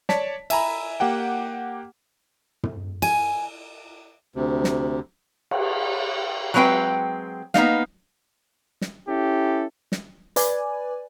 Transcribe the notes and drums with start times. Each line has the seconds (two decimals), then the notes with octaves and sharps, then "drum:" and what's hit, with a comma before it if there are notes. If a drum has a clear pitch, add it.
0.09 C#5 D5 A5 B6, drum: snare
0.50 E5 G#5 A#5 B5, drum: cymbal
1.00 A#3 G4 F#5 G5
2.63 drum: tom
3.02 G#5, drum: cymbal
4.36 D2 C3
4.64 drum: snare
5.51 drum: cymbal
6.54 F#3 G#3 C4 B4 G5
7.54 A#3 B3 D#4 F5, drum: snare
8.81 drum: snare
9.08 C#4 E4 G4 A4
9.92 drum: snare
10.36 B4 D5 G#5, drum: hi-hat